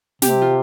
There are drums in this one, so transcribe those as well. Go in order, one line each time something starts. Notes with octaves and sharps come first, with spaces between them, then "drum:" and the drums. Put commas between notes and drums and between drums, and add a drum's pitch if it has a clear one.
C3 G4, drum: snare
F4